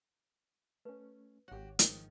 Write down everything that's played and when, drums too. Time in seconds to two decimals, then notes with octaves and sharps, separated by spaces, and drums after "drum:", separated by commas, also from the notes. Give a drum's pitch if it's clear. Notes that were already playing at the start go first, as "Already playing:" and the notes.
0.85 A3 C#4 B4
1.48 G#1 F#4 G4 C#5 F#5
1.79 G#2 D#3 F3 D#4 A#4 C#5, drum: hi-hat